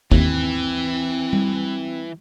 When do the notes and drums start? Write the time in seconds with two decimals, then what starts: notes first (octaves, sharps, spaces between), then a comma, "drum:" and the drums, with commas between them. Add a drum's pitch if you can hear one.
0.12 D#2 E3 C4, drum: kick
1.33 drum: tom G3